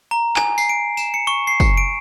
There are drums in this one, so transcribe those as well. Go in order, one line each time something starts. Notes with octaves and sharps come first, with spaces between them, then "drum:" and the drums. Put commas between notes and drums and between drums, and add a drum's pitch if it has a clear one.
A#5
G#5, drum: clap
C7, drum: tambourine
D7
E7, drum: tambourine
C#7
C#6
C7
drum: kick, tambourine
D7